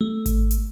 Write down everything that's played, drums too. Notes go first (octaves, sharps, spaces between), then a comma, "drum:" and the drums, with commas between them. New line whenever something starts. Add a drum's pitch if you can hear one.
A3
drum: kick G#1, hi-hat
drum: hi-hat